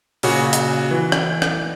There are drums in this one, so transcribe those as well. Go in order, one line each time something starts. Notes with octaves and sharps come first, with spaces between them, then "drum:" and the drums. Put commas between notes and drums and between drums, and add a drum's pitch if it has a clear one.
A#2 C#3 C#4 F#4, drum: open hi-hat
drum: hi-hat
E3
drum: rim click
drum: rim click